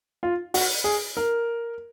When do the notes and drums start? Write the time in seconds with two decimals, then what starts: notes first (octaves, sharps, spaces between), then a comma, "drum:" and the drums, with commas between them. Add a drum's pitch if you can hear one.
0.23 F4
0.54 F#4, drum: open hi-hat
0.84 G#4
1.17 A#4